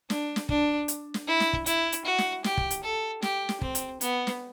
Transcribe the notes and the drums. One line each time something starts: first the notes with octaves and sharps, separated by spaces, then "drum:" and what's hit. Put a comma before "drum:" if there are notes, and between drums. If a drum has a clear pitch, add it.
D4, drum: snare
drum: snare
D4, drum: kick
drum: hi-hat
drum: snare
E4
drum: snare
drum: kick
E4, drum: hi-hat
drum: hi-hat
F#4
drum: snare
G4, drum: snare
drum: kick
drum: hi-hat
A4
G4, drum: snare
drum: snare
C4, drum: kick
drum: hi-hat
B3, drum: hi-hat
drum: snare